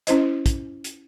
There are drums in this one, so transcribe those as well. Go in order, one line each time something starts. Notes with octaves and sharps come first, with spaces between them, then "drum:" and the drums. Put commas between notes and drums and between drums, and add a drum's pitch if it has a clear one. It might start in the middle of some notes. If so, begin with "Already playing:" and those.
C#4 E4 C5 D#5, drum: hi-hat
drum: kick, hi-hat
drum: hi-hat